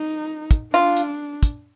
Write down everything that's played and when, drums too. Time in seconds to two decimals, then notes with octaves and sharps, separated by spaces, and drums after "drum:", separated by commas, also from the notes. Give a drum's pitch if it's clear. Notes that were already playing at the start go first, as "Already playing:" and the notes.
Already playing: D#4
0.51 drum: kick, hi-hat
0.73 D4 F4
0.97 drum: hi-hat
1.43 drum: kick, hi-hat